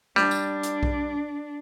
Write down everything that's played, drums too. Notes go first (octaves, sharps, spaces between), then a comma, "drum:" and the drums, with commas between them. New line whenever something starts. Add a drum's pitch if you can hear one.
G3 D4, drum: snare
drum: tambourine
drum: hi-hat
drum: kick B1